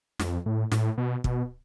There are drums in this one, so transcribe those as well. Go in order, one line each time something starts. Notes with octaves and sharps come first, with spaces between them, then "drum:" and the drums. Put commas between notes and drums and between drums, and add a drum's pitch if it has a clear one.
F2, drum: snare
A2
A2, drum: snare
B2
B2, drum: kick